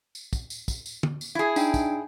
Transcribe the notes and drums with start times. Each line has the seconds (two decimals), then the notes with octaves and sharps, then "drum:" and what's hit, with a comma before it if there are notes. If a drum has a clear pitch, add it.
0.15 drum: tambourine
0.33 drum: kick, tambourine
0.50 drum: tambourine
0.68 drum: kick, tambourine
0.86 drum: tambourine
1.03 drum: tom
1.21 drum: tambourine
1.35 E4 G#4
1.56 D4 D#4 G5, drum: tambourine
1.74 drum: kick, tambourine